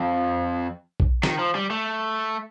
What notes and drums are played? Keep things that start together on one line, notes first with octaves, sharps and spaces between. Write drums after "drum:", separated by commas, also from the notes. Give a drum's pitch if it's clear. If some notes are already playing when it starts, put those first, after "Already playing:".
Already playing: F2
drum: kick B1
D#3, drum: snare
F3
G3
A3